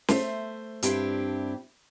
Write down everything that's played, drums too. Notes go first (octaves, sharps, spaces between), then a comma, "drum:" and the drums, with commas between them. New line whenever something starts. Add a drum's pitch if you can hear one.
A3 C5 E5, drum: snare
G2 C4 D4 E4 G4, drum: hi-hat